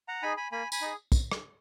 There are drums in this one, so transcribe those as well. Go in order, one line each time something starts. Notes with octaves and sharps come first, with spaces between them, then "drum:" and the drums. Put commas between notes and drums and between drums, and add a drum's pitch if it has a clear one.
F#5 A#5
D#4 G#4 G#5 B5
G#5 B5
A#3 G#5 B5
G#5 B5, drum: tambourine
D#4 G#4
drum: kick, tambourine
drum: rim click